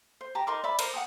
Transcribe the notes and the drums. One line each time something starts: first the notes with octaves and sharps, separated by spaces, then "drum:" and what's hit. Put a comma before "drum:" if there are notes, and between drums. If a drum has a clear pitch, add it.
C5
G4 A5 A#5
D#4 A#4 C6 D6
D5 E5 B5
A#4 C5 D6, drum: cymbal
F#5 G5 A5 D#6